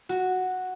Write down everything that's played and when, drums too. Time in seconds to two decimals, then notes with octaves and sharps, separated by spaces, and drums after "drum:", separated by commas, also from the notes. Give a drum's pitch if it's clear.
0.09 F#4, drum: hi-hat